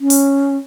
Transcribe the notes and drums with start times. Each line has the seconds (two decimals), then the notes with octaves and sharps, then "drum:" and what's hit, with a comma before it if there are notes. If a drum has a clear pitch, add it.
0.01 C#4
0.10 drum: open hi-hat